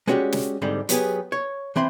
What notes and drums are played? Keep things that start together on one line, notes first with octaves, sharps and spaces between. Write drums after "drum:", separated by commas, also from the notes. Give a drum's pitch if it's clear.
G#3 B3 C#4 F#4 G4 D5
drum: snare
G#2 D3 G3 C4
F#3 B3 G4 G#4, drum: hi-hat
C#5
E3 C4 B5 C6